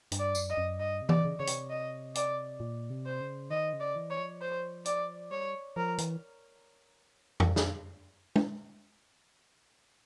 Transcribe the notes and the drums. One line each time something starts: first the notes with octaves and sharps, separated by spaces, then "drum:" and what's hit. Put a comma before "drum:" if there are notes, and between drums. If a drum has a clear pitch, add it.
G2, drum: hi-hat
D5
F#2, drum: tambourine
D#5
F#2
G2 D#5
C3
D5, drum: tom E3
C#3
C#3 C#5
C3, drum: hi-hat
D#5
D5, drum: hi-hat
A#2
C3
C5
C#3
D#3 D#5
C#3
D5
E3
C#5
F3
C5
D5, drum: hi-hat
G3 C#5
F3 A#4
E3, drum: hi-hat
drum: tom
drum: snare
drum: tom